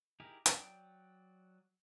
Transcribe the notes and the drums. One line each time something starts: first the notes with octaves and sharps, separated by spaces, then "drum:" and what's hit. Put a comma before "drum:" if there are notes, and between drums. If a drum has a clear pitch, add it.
D#4 E4 G4 G#4 A#4
F#3 D5 G5 D#6, drum: hi-hat